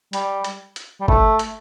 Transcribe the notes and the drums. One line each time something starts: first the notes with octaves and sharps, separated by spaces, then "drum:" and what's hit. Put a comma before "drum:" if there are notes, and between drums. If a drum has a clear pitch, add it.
G3, drum: hi-hat
drum: hi-hat
drum: hi-hat
G3
A3, drum: kick G1
drum: hi-hat